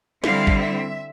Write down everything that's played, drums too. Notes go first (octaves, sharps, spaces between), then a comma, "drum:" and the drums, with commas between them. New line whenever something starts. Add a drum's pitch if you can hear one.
D3 G3 C4 E4 F5, drum: snare
drum: kick G#1
E5